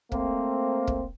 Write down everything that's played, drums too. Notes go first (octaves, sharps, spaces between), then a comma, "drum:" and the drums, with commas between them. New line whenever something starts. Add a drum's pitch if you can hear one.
A3 A#3 C4, drum: kick
drum: kick